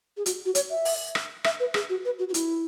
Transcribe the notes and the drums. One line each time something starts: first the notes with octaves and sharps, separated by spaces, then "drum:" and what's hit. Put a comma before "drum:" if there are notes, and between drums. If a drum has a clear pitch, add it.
G#4
F#4, drum: hi-hat
F#4
C#5, drum: hi-hat
E5
drum: open hi-hat
drum: rim click
E5, drum: rim click
B4
G#4, drum: rim click
F#4
B4
F#4
F#4
E4, drum: hi-hat